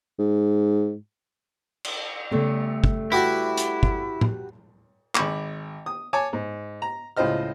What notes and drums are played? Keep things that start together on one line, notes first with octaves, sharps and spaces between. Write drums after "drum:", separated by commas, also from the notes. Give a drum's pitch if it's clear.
G#2
drum: cymbal
C#3 G3 A3 B3
drum: kick
E4 F#4 G4 B4
drum: hi-hat
drum: kick
drum: tom
G#1 B5 C#6 D6, drum: clap
D#6
C#5 G#5 A5 D6
G#2
A#5
C#2 A2 F4 C5 D#5 F6